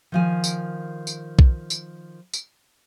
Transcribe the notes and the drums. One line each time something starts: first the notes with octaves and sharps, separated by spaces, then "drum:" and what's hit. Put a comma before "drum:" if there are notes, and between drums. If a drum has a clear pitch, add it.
D#3 F3 G#5
drum: tambourine
drum: tambourine
drum: kick B1
drum: tambourine
drum: tambourine